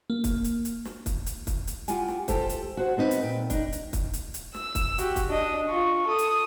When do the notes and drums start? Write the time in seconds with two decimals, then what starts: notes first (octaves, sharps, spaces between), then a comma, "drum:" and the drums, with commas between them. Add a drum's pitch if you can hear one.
0.10 A#3
0.24 drum: kick, hi-hat
0.44 drum: hi-hat
0.65 drum: hi-hat
0.85 drum: snare
1.06 drum: kick, hi-hat
1.26 drum: hi-hat
1.47 drum: kick, hi-hat
1.67 drum: hi-hat
1.88 E4 F4 G4 F#5 G#5, drum: hi-hat
2.08 drum: snare
2.28 F4 G4 A4 C5, drum: kick, hi-hat
2.49 drum: hi-hat
2.77 F#4 C5 F#5
2.97 B3 C4 D#4 E4 B4
3.11 drum: hi-hat
3.23 A#2 G5
3.50 D4 D#4, drum: kick, hi-hat
3.72 drum: hi-hat
3.93 drum: kick, hi-hat
4.13 drum: hi-hat
4.34 drum: hi-hat
4.54 E6, drum: snare
4.75 drum: kick, hi-hat
4.98 F#4 G4, drum: hi-hat
5.16 drum: kick, hi-hat
5.29 D4 D#5
5.69 F4 C#6
6.07 A4 D#6
6.19 drum: hi-hat